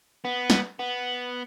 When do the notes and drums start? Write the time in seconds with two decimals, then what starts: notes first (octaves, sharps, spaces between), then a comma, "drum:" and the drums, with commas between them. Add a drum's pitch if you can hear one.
0.25 B3
0.50 drum: snare
0.80 B3